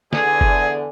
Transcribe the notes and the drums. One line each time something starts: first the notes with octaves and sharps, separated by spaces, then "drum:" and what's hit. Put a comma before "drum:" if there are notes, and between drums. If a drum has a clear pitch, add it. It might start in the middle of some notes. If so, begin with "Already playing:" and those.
E2 D3 G#4 G#5, drum: snare
drum: kick F#1